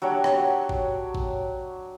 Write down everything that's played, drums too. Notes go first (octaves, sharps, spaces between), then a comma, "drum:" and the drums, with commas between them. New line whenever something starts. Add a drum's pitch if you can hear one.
F#3 D4 G4 C#5
drum: rim click
drum: kick G#1
drum: kick G#1